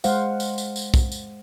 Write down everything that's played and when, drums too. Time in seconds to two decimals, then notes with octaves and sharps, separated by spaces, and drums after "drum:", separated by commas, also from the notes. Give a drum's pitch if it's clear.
0.04 G#3 C5 F5 F#5, drum: tambourine
0.40 drum: tambourine
0.58 drum: tambourine
0.76 drum: tambourine
0.94 drum: kick, tambourine
1.12 drum: tambourine